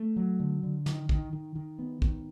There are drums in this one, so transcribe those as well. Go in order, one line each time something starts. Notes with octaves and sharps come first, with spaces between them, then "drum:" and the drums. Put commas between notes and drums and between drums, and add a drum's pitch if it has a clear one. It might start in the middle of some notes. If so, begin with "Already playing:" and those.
Already playing: A3
F#3
D3
D3
D#3, drum: snare
D#3, drum: kick
D#3
D#3
B3
D#3, drum: kick